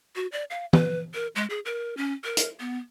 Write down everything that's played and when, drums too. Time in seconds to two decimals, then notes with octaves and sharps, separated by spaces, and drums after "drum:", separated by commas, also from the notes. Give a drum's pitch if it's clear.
0.16 F#4
0.32 D5
0.50 F5
0.73 B4, drum: tom E3
1.14 A#4
1.36 G#3
1.50 G#4
1.65 A#4
1.97 C#4
2.24 A#4
2.37 drum: hi-hat
2.60 B3